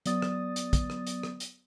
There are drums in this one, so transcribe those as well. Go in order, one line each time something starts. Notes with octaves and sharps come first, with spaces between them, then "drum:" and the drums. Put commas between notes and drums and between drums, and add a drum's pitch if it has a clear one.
F#3 B3 D5 D#6 A6, drum: hi-hat
drum: rim click
drum: hi-hat
drum: kick, hi-hat
drum: rim click
drum: hi-hat
drum: rim click
drum: hi-hat